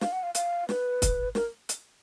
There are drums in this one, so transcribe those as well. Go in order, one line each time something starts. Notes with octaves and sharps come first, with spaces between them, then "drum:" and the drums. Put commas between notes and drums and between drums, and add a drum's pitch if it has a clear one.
F5, drum: snare
F#5
F5
F5, drum: hi-hat
B4, drum: snare
drum: kick, hi-hat
A#4, drum: snare
drum: hi-hat